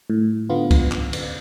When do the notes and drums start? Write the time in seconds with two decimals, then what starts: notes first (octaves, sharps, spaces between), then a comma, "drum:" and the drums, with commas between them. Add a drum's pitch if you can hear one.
0.10 A2
0.49 D3 B3 F4
0.71 drum: kick C2, cymbal
0.92 drum: clap
1.13 drum: cymbal